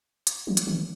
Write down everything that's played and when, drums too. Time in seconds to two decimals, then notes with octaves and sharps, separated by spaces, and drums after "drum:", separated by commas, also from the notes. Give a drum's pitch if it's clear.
0.27 drum: hi-hat
0.47 F3
0.57 drum: hi-hat
0.67 D#3